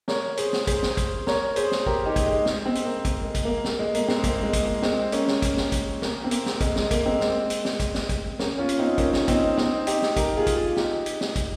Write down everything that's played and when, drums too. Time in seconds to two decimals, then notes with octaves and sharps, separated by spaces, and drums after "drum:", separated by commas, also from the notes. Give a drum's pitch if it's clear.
0.08 A#4 C#5, drum: snare
0.37 G#4 C5, drum: hi-hat
0.53 drum: snare
0.67 G#4 C5, drum: kick, hi-hat
0.83 drum: snare
0.97 drum: kick, hi-hat
1.27 A#4 C#5, drum: snare
1.56 G#4 C5, drum: hi-hat
1.72 drum: snare
1.86 G4 A#4, drum: kick
2.06 D#4 G4
2.16 drum: kick, hi-hat
2.26 G#3
2.46 drum: snare
2.65 G#3 C4
2.75 drum: hi-hat
2.85 A#3
3.05 A#3, drum: kick, hi-hat
3.25 G#3
3.35 drum: kick, hi-hat
3.45 A#3
3.64 drum: snare
3.79 G#3
3.95 A#3, drum: hi-hat
4.08 G#3 C4, drum: snare
4.24 A#3, drum: kick, hi-hat
4.43 G#3
4.53 drum: kick, hi-hat
4.63 A#3
4.82 G#3 C4, drum: snare
5.12 A#3 C#4, drum: hi-hat
5.27 drum: snare
5.42 drum: kick, hi-hat
5.57 drum: snare
5.72 drum: kick, hi-hat
6.02 A#3, drum: snare
6.24 C4
6.31 A#3, drum: hi-hat
6.46 drum: snare
6.61 G#3, drum: kick, hi-hat
6.76 G#3, drum: snare
6.91 A#3, drum: kick, hi-hat
7.06 G#3 C4
7.20 drum: snare
7.50 drum: hi-hat
7.65 drum: snare
7.80 drum: kick, hi-hat
7.94 drum: snare
8.09 drum: kick, hi-hat
8.39 A#3 C#4, drum: snare
8.58 C#4 F4
8.69 drum: hi-hat
8.79 C4 D#4
8.98 A#3 C#4, drum: kick, hi-hat
9.13 drum: snare
9.28 C4 D#4, drum: kick, hi-hat
9.57 C4 D#4, drum: snare
9.87 D#4 G4, drum: hi-hat
10.02 drum: snare
10.16 G4 A#4, drum: kick, hi-hat
10.37 F4 G#4
10.47 drum: kick, hi-hat
10.56 F4 G#4
10.76 D#4 G4, drum: snare
11.06 drum: hi-hat
11.21 drum: snare
11.36 drum: kick, hi-hat